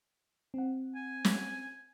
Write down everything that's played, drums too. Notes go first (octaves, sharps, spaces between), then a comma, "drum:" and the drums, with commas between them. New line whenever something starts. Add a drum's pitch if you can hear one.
C4 F#5
G#5
drum: snare